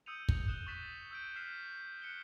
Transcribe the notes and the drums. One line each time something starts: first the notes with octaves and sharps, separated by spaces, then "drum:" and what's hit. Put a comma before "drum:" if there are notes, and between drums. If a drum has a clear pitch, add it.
D#6 E6 G6 C#7 D#7 F7
drum: kick
D#6 F#6 E7 G7
C#6 D#6 F#6 A6 B6 E7
E6 G6 D7
F6 F#6 B6 C7 E7
F#6 C#7 E7 G7